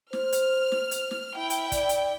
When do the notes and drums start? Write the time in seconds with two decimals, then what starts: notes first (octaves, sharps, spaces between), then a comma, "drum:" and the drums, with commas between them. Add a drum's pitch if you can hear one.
0.13 C5 F6, drum: snare
0.32 drum: hi-hat
0.72 drum: snare
0.91 drum: hi-hat
1.11 drum: snare
1.38 E4 G5
1.50 drum: hi-hat
1.72 D5, drum: kick, hi-hat
1.89 drum: hi-hat